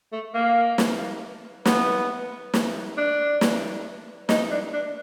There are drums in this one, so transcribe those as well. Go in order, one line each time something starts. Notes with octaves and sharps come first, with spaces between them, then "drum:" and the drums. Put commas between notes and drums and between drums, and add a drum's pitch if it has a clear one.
A3
A#3
drum: snare
B3, drum: snare
drum: snare
D4
drum: snare
D#4, drum: snare
D4
D4